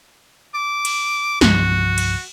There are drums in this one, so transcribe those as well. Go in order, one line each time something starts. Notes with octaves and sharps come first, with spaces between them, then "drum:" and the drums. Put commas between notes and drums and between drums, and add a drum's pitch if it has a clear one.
D6
drum: cymbal
C2 G2 F3 F#4, drum: snare
drum: cymbal